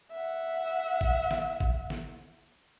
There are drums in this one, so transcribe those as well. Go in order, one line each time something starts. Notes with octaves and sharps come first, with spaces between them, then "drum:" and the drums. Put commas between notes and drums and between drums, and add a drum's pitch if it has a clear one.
E5 F#5
drum: kick
drum: snare
drum: kick
drum: snare